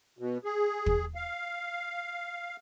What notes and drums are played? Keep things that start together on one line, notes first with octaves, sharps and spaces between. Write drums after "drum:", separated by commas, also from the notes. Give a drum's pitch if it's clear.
B2
G#4
drum: kick
F5